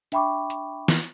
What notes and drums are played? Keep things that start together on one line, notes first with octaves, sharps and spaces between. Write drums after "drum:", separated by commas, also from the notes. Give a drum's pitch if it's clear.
D4 E5 G5 B5 C#6 D6, drum: hi-hat
drum: hi-hat
drum: snare